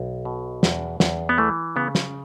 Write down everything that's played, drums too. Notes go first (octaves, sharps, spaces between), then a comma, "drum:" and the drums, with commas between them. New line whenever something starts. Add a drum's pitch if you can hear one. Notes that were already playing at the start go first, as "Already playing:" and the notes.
Already playing: B1
B2
E2, drum: snare
E2, drum: snare
B3
E3 A3
C#3 B3
drum: snare